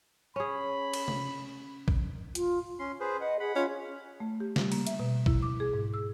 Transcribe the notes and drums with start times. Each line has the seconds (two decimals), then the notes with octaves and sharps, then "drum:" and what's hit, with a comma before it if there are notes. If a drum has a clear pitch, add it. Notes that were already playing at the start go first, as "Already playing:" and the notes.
0.36 C#4 G#4 B5
0.94 drum: cymbal
1.08 drum: tom C3
1.88 drum: kick
2.35 F4, drum: hi-hat
2.79 C#4 C6
3.00 G#4 B4 C5
3.21 B4 D#5 F#5
3.40 G#4 F#5 B5
3.56 C#4 F4
4.20 A3
4.40 G4
4.56 G3, drum: snare
4.72 A#3, drum: cymbal
4.87 E5, drum: hi-hat
4.99 B2
5.26 E4, drum: kick
5.42 D6
5.60 G#4
5.73 G#2
5.94 E6